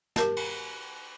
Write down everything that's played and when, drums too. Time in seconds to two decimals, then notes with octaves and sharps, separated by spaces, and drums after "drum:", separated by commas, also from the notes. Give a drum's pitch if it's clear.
0.16 G4 A#4 A5, drum: snare
0.36 drum: cymbal